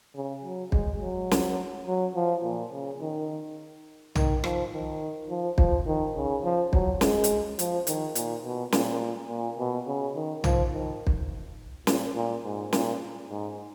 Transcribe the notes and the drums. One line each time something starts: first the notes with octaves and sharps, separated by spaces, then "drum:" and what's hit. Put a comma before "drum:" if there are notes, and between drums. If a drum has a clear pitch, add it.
C#3
F#3
G#3, drum: kick
F#3
drum: snare
F#3
F3
A#2
C#3
D#3
D#3, drum: tom
F3, drum: rim click
D#3
F3
F3, drum: kick
D#3
C#3
F3
F#3, drum: kick
G#3, drum: snare
drum: hi-hat
F3, drum: hi-hat
D#3, drum: hi-hat
A#2, drum: hi-hat
B2
A#2, drum: snare
A#2
B2
C#3
D#3
F3, drum: tom
D#3
drum: kick
A#2, drum: snare
A#2
G#2
A#2, drum: snare
G#2